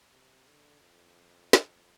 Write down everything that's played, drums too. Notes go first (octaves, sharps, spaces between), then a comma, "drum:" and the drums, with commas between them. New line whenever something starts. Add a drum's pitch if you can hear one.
C3
D3
F2
drum: snare